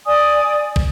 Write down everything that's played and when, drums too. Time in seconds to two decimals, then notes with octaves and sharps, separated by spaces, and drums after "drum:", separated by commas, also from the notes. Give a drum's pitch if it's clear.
0.06 D5 G#5 D#6
0.76 drum: kick